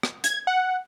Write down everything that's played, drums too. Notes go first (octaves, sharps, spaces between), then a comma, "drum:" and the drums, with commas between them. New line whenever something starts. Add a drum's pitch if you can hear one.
drum: rim click
G#6, drum: hi-hat
F#5